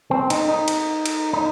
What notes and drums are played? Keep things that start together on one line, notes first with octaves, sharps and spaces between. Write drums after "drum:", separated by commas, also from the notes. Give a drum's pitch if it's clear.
C4
D#4, drum: cymbal
D#4
drum: cymbal
drum: cymbal
D#4